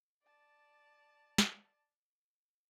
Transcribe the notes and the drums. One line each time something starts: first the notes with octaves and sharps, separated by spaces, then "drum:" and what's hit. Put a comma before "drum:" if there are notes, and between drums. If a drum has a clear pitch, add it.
D5 A5
drum: snare